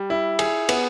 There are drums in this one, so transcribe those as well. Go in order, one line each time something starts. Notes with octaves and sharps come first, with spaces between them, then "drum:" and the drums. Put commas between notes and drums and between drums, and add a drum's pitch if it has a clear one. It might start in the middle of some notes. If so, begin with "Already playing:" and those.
Already playing: G3
E4
G#4, drum: cymbal
B3, drum: cymbal